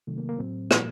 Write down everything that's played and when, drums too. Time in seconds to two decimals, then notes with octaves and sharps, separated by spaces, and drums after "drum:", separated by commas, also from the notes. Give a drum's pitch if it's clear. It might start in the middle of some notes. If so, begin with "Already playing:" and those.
0.07 C3 D#3 F#3 A3
0.18 A#3
0.29 A#3
0.39 A2 F#3 C4
0.71 A#2 F3 A#3, drum: rim click